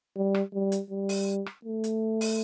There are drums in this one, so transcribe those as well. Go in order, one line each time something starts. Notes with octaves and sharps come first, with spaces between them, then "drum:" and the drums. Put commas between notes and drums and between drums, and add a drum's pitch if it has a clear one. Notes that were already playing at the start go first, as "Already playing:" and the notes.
G3
drum: rim click
G3
drum: hi-hat
G3
drum: open hi-hat
drum: rim click
A3
drum: hi-hat
drum: open hi-hat